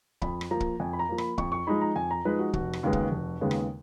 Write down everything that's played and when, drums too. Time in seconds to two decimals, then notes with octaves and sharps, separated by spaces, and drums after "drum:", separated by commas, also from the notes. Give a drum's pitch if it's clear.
0.22 F2 B5, drum: kick
0.41 drum: rim click
0.51 F3 A#3 A#5
0.60 drum: kick
0.80 F2 G#5
0.93 B5
0.99 A#5
1.09 F3 A#3
1.18 B5, drum: rim click
1.38 F2 C#6, drum: kick
1.52 C#6
1.67 F3 G#3 D#4 B5
1.82 A#5
1.96 F2 G#5
2.11 A#5
2.25 F3 G#3 D#4 B4
2.39 F#4
2.53 F1 F#4, drum: kick
2.73 drum: rim click
2.83 D#2 C#3 G#3 B3
2.93 drum: kick
3.12 F1
3.41 D#2 C#3 G#3 B3
3.51 drum: rim click